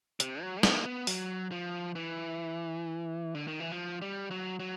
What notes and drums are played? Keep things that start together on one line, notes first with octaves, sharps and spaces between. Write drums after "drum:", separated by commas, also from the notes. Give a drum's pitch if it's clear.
C3, drum: hi-hat
F#3
C4, drum: snare
A#3
B3
F#3, drum: open hi-hat
F3
E3
D3
D#3
E3
F3
G3
F#3
F#3